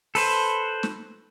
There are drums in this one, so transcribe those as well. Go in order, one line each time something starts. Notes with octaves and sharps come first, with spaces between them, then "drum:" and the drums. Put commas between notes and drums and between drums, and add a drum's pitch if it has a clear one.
A4 B4 C5, drum: open hi-hat
drum: snare